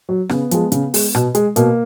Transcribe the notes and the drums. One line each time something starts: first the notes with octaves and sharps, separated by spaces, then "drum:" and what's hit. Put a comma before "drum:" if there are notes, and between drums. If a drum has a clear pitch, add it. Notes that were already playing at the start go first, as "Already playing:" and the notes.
F#3
C#3 B3, drum: rim click
F3 G#3, drum: hi-hat
C#3, drum: hi-hat
G#3, drum: open hi-hat
B2, drum: rim click
G#3, drum: hi-hat
B2 A#3, drum: hi-hat